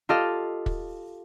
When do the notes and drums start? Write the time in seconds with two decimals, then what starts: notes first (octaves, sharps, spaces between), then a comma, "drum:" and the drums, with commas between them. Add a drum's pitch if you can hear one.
0.09 F4 G4 A4 D#5 F5
0.66 drum: kick